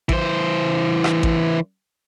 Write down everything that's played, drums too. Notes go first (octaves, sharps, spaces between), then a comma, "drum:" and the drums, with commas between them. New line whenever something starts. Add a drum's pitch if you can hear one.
E3 C5, drum: kick A1
drum: rim click
drum: kick A1